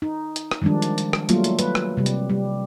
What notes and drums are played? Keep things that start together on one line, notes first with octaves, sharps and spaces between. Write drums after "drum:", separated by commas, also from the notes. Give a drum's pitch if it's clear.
D#4
drum: hi-hat
drum: rim click
D#3 F3 G3 G#3 D4
drum: hi-hat
drum: hi-hat
drum: rim click
F#3 G3 A3 A#3 F4, drum: hi-hat
drum: hi-hat
B4, drum: hi-hat
drum: rim click
C3 G3
drum: hi-hat
G3